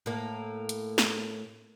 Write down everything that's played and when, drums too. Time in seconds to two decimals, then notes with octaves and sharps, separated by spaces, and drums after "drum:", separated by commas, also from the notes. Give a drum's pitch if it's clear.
0.06 A2 A#3
0.69 drum: hi-hat
0.98 drum: snare